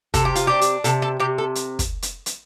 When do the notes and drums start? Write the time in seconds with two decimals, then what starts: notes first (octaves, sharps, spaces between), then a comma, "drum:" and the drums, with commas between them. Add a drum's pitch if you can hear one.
0.14 C3 A4, drum: kick, hi-hat
0.25 G4
0.35 F4, drum: hi-hat
0.47 D4 G4
0.61 drum: hi-hat
0.84 C3 A4, drum: hi-hat
1.02 A4
1.20 C3 G4
1.38 A4
1.55 drum: hi-hat
1.79 drum: kick, hi-hat
2.02 drum: hi-hat
2.26 drum: hi-hat